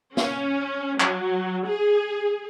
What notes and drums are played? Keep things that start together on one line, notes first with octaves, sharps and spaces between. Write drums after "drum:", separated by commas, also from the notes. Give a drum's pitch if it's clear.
C#4, drum: snare
F#3, drum: clap
G#4